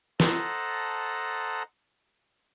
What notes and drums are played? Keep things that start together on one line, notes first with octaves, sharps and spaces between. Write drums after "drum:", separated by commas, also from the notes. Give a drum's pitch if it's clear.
A4 C5 D#5 F#5 A5 A#5, drum: snare